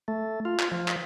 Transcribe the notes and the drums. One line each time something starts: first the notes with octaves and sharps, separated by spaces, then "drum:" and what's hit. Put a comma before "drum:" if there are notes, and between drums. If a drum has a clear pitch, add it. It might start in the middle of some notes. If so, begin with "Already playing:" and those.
A3
F4
drum: clap
F3
drum: clap